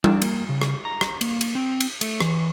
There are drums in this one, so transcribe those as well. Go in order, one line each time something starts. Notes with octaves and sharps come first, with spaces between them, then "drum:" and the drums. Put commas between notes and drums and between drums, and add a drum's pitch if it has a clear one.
D4, drum: tom G3
A#3, drum: cymbal
C#3
drum: rim click
A#5
drum: rim click
A#3, drum: cymbal
drum: cymbal
C4
drum: cymbal
A3, drum: cymbal
E3, drum: rim click